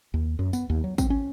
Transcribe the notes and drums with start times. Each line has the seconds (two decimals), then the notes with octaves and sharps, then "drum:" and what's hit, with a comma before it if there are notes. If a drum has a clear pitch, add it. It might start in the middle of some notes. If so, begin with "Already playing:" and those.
0.14 D#2
0.39 F#2
0.53 B3, drum: tambourine
0.70 D#2
0.84 F#3
0.98 C4, drum: kick, tambourine
1.10 C#4